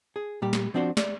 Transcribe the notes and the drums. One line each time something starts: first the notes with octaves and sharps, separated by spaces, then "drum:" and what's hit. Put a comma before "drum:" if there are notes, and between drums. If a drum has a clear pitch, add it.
G#4
A#2 G3 G4
drum: snare
F3 C4 D4 F#4 C5
D5, drum: snare